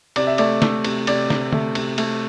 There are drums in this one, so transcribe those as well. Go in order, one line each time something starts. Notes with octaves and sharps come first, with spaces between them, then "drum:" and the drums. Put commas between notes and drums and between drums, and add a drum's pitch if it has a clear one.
C3 D5, drum: cymbal
E5
A3 D5, drum: cymbal
A3, drum: snare
C3, drum: cymbal
C3 D5, drum: cymbal
C3, drum: snare
A3, drum: tom D3
C3, drum: cymbal
A3, drum: cymbal